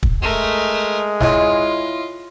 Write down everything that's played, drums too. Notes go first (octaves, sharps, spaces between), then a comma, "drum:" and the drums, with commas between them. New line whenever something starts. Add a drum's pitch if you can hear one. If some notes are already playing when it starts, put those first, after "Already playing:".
drum: kick
G#3 A3 A#4
E4 F4 C#5 D#5, drum: snare